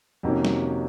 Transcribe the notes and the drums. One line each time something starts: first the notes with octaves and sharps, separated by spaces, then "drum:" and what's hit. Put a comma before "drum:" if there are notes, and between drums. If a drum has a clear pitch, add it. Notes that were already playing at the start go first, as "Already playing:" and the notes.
F2 C3 D#3 A#3 C#4 F#4
drum: snare